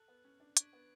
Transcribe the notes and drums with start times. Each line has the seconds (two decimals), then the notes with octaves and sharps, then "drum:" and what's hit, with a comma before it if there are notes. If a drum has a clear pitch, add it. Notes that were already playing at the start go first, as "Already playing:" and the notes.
Already playing: A4 F#6 F#7
0.08 B3
0.25 C#4
0.40 D4
0.57 D4 C#6 G#6 B6 D7 F#7, drum: hi-hat
0.73 B3